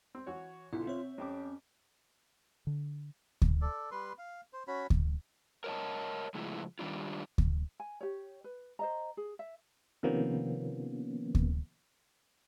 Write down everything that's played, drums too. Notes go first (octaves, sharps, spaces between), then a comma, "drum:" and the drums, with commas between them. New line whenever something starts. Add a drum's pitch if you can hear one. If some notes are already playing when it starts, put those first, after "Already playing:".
C4
E3 F#4 C#5
B1 D3 E4 F4
C4 C#5 E5
F2 C#4 G4 D6
D3
drum: kick D2
A4 D5
G3 B4 C6
F5
C5
C#4 F#4 C#5 B5
drum: kick D2
A#4 C#5 D#5 A5
A2 C#3 F3 G#3 E4
D#3 G3 D4 F4
drum: kick D2
G#5
G4 C#5
B4
C5 D#5 A#5
G#4
E5
C3 D#3 F3 A#3 B3 C#4
drum: kick D2